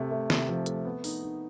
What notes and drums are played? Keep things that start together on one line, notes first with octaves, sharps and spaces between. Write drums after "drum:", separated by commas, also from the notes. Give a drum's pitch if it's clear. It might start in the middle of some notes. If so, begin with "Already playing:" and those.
Already playing: C3 A3
A3
C3, drum: snare
F3
A3, drum: hi-hat
B3
D#4, drum: open hi-hat
D#4